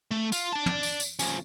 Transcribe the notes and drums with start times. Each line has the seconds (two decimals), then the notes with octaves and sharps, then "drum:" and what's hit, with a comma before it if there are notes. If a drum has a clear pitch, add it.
0.11 A3
0.32 F4, drum: tambourine
0.52 D5 A5
0.66 drum: tom
0.83 drum: tambourine
1.00 drum: tambourine
1.19 F3 C#4, drum: tambourine